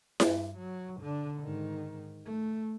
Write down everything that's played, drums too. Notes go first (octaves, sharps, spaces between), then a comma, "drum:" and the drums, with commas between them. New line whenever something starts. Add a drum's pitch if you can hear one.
G2, drum: snare E4
F#3
D3 D4
G#2 D#3
A3